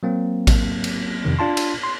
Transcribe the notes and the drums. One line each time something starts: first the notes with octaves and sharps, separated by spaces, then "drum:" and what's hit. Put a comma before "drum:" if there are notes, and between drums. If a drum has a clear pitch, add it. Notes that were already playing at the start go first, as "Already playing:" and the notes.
F#3 A#3 C4
drum: kick A1, cymbal
drum: cymbal
F2 C3 D#3
D4 F4 A5 C6
drum: cymbal
C6